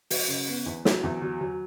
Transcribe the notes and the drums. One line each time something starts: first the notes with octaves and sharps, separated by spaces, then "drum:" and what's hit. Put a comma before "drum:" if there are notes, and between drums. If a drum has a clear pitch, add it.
F#3, drum: open hi-hat
C#3
B3
E2
F#3, drum: snare
E2
F#3
F#3